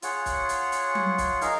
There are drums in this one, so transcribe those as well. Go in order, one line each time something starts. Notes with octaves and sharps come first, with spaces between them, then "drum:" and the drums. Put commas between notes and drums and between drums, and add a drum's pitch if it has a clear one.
F4 G#4 C#5 F#5, drum: hi-hat
drum: kick, hi-hat
drum: hi-hat
drum: hi-hat
drum: tom F#3
drum: kick, hi-hat
D#4 A#4 F5, drum: hi-hat